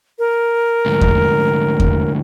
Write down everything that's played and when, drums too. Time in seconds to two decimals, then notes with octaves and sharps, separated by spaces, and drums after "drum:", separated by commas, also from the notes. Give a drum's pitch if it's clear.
0.19 A#4
0.86 D2 G#2
1.01 drum: kick E2
1.80 drum: kick E2